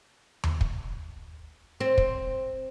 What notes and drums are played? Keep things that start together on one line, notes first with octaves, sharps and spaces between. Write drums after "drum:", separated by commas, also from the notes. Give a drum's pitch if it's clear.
drum: tom D#2
drum: kick
C4
drum: kick